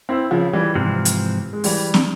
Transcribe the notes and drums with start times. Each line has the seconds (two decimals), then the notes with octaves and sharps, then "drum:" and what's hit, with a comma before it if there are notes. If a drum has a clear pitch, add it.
0.09 C4 E4
0.31 C#3 F3
0.53 E3 G3
0.75 G#2 C3 E3 F3 C4
1.05 drum: hi-hat
1.53 G#3
1.64 E3 G3, drum: open hi-hat
1.94 drum: snare